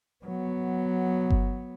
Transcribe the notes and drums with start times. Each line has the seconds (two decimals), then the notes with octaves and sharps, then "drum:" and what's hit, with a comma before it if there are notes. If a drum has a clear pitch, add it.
0.25 F#3 B3
1.30 drum: kick G1